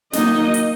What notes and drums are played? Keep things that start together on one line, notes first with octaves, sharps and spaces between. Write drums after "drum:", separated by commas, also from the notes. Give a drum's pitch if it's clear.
D#3 F#3 A#3 D#4 D#5, drum: snare
drum: hi-hat